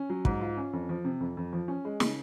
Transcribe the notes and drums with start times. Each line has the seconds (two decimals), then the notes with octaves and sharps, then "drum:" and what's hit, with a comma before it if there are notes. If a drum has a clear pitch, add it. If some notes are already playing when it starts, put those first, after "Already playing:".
Already playing: C#4
0.10 F#3
0.25 G#2, drum: kick
0.41 F4
0.57 C#4
0.73 F2
0.89 F3
1.05 C3
1.20 F2
1.37 F2
1.53 F3
1.68 C#4
1.85 G#3
2.00 C#3, drum: snare